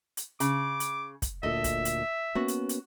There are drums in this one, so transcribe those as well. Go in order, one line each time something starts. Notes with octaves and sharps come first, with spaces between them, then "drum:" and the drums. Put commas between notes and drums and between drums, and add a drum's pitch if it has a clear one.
drum: hi-hat
C#3 D6, drum: hi-hat
drum: hi-hat
drum: kick, hi-hat
D2 A#2 A4 D#5 E5
drum: kick, hi-hat
drum: hi-hat
A#3 B3 C#4 F#4
drum: hi-hat
drum: hi-hat